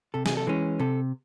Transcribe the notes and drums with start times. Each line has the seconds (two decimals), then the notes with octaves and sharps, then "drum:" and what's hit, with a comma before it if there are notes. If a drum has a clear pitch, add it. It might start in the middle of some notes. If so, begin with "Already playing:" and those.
0.14 C3 A4
0.26 G#4, drum: snare
0.37 A4
0.47 E3 G#3 C#4
0.79 C3 A4